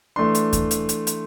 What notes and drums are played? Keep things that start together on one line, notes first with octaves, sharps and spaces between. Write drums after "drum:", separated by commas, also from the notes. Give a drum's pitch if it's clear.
E3 A3 D4 C6
drum: hi-hat
drum: kick D#2, hi-hat
drum: hi-hat
drum: hi-hat
drum: hi-hat